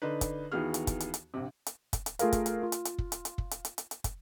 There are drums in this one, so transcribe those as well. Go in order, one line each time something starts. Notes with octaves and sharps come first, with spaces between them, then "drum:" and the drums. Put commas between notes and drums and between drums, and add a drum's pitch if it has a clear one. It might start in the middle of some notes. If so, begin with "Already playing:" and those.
D3 D4 D#4 B4
drum: kick, hi-hat
D#2 E3 B3 F#4 G#4 F6
drum: hi-hat
drum: kick, hi-hat
drum: hi-hat
drum: hi-hat
A#1 C3
drum: hi-hat
drum: kick, hi-hat
drum: hi-hat
A3 F4 G#4 A#4 F5, drum: hi-hat
drum: kick, hi-hat
drum: hi-hat
F4
drum: hi-hat
drum: hi-hat
drum: kick
drum: hi-hat
drum: hi-hat
drum: kick
drum: hi-hat
drum: hi-hat
drum: hi-hat
drum: hi-hat
drum: kick, hi-hat